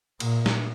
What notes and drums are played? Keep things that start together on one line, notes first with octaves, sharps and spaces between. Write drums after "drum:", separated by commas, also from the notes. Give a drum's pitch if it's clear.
A#2, drum: cymbal
drum: snare